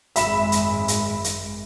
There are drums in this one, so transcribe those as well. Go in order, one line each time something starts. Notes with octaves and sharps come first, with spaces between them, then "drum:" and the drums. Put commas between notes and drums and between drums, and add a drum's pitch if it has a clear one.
G#1 F#2 G#3 E5 B5 E7, drum: hi-hat
drum: hi-hat
drum: hi-hat
drum: hi-hat